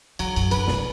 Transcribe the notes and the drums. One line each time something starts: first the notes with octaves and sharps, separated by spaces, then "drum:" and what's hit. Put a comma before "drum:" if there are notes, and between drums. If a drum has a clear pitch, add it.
E2 F#3, drum: cymbal
F#2, drum: cymbal
G2 B4, drum: cymbal
C3, drum: snare